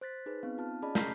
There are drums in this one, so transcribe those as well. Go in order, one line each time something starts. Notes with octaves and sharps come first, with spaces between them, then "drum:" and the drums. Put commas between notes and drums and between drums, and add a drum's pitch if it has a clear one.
C5 F#6 A6 B6
D#4 G#4 B4
B3 C4 D#4 F5
F4 A5 F6
C#4 G#4 D5 D#5 A5 B5
A#5 F6 G6 B6 C7, drum: snare